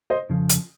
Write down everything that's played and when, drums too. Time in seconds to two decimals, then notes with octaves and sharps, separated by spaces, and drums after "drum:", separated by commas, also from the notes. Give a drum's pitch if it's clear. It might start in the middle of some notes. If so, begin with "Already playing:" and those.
0.10 C5 D#5
0.30 F2 C#3 F3
0.49 drum: hi-hat